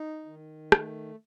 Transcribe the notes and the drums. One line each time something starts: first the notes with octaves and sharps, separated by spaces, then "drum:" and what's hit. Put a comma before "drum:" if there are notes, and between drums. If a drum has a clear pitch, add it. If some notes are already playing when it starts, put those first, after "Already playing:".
Already playing: D#4
D#3
A3, drum: rim click